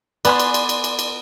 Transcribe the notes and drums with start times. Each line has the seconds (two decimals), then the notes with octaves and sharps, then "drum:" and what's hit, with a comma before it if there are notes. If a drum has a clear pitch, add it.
0.25 B3 D5 G#5 C6, drum: cymbal
0.39 drum: cymbal
0.54 drum: cymbal
0.69 drum: cymbal
0.84 drum: cymbal
0.99 drum: cymbal